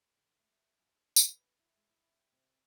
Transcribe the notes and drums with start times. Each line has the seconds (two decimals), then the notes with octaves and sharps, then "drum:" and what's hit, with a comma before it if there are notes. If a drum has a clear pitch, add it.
0.17 D3
0.39 A3
0.79 F#2
0.94 D4
1.16 F2, drum: tambourine
1.29 B4
1.59 E4
1.76 G#3
1.89 E4
2.17 G3
2.32 C3